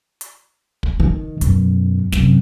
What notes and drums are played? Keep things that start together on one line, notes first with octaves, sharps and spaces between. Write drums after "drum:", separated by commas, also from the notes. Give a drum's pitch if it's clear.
drum: hi-hat
drum: kick
D#3
F#2 B2, drum: hi-hat
F#2 C3, drum: snare